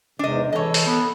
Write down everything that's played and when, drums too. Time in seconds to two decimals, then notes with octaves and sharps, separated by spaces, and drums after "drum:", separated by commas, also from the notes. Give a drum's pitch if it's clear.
0.19 E2 G#2 C3 D4 D#5
0.53 E3 A4 C#5 D#5
0.74 drum: open hi-hat
0.86 B3